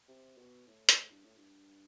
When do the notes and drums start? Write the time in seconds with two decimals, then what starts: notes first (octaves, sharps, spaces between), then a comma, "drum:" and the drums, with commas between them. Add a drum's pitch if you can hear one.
0.08 C3
0.37 B2
0.67 A2
0.89 drum: hi-hat
1.11 G2
1.24 A2
1.37 G2